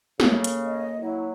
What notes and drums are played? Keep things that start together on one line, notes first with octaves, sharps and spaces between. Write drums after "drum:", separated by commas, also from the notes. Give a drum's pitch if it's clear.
C#3 A#3 A4, drum: snare
drum: hi-hat
D#5
F#3 E4